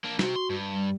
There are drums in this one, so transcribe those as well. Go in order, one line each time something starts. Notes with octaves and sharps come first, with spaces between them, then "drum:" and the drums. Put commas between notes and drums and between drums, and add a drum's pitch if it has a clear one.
A#3 D4
C3 C4 F#4, drum: snare
C6
G2
G3